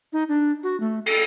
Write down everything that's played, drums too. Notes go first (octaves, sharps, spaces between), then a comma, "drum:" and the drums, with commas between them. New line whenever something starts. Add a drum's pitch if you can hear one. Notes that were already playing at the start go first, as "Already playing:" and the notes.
D#4
D4
F#4
A3
A4, drum: cymbal